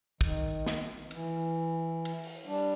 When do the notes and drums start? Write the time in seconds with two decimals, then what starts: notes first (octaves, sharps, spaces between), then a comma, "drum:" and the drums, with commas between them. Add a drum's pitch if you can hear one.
0.21 D#3, drum: kick
0.66 drum: snare
1.11 E3, drum: cymbal
2.05 drum: cymbal
2.24 drum: open hi-hat
2.46 G3 D4